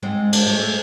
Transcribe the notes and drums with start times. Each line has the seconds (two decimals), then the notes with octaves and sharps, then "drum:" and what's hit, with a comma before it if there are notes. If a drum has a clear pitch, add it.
0.03 G#2 G#3 C4
0.33 D4, drum: cymbal
0.46 G#3 A3